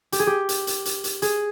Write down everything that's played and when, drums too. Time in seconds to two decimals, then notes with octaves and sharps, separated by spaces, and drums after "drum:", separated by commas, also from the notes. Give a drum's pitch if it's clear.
0.12 G4, drum: hi-hat
0.19 G#4
0.27 G4
0.49 drum: hi-hat
0.67 drum: hi-hat
0.85 drum: hi-hat
1.04 drum: hi-hat
1.22 G#4, drum: hi-hat